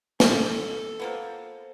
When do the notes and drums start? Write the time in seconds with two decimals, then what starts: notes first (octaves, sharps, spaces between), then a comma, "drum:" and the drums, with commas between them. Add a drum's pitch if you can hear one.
0.20 A4, drum: snare
1.00 F3 A#3 B3